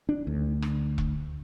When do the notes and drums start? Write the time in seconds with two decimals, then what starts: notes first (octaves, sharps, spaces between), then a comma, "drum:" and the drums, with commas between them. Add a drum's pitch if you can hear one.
0.09 D4
0.27 D2
0.62 drum: rim click
0.98 drum: kick E1